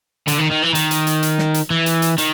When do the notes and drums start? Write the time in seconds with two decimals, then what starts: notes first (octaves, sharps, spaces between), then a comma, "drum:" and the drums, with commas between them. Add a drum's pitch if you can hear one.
0.28 D3, drum: hi-hat
0.39 D#3
0.51 D#3
0.64 E3
0.75 D#3, drum: hi-hat
0.91 drum: hi-hat
1.07 drum: hi-hat
1.23 drum: hi-hat
1.38 drum: snare
1.54 drum: hi-hat
1.70 E3
1.86 drum: hi-hat
2.02 drum: hi-hat
2.18 D#3, drum: hi-hat